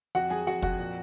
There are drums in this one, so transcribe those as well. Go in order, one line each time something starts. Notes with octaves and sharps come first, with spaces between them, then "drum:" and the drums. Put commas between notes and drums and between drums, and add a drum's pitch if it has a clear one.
F2 F#4 F#5
F#3 G#4 G#5
F2 F#4 F#5
F2 F#4 F#5, drum: kick
A#2